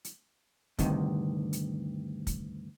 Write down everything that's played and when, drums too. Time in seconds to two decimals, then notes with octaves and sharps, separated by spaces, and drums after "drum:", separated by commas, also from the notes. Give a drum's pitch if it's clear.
0.04 drum: hi-hat
0.79 D2 G2 C3 D#3, drum: kick, hi-hat
1.53 drum: hi-hat
2.27 drum: kick, hi-hat